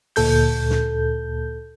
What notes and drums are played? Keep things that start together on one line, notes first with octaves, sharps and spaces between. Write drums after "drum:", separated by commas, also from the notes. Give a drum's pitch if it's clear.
D2 A#2 A4 G6, drum: open hi-hat
drum: snare